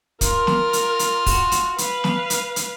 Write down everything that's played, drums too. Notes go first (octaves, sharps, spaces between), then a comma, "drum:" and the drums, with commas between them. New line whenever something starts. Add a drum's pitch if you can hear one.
F4 A#4, drum: kick, hi-hat
drum: snare
drum: hi-hat
drum: hi-hat
F#4, drum: kick, open hi-hat
drum: hi-hat
B4 F5, drum: hi-hat
drum: snare
drum: hi-hat
drum: hi-hat